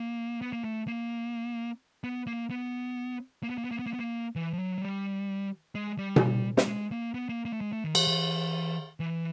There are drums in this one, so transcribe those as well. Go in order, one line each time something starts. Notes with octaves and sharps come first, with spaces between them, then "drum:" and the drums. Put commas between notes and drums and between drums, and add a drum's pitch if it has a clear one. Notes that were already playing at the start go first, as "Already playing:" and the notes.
Already playing: A#3
B3
A#3
A3
A#3
B3
A#3
B3
A#3
B3
A#3
B3
A#3
B3
A#3
B3
A#3
E3
F3
F#3
F#3
G3
G#3
G3
drum: tom B2
G3, drum: snare
G#3
A#3
B3
A#3
A#3
A3
G#3
A3
D#3
E3, drum: cymbal
E3
E3